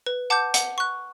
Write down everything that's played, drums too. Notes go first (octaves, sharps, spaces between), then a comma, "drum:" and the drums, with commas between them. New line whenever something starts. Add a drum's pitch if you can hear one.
B4
F#5 A5 D6 G6
F#5, drum: hi-hat
C#6 F#6